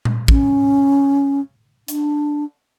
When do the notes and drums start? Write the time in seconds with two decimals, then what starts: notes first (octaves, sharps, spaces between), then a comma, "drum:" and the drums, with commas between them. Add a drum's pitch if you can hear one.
0.05 drum: tom A#2
0.28 C#4, drum: kick
1.88 D4, drum: hi-hat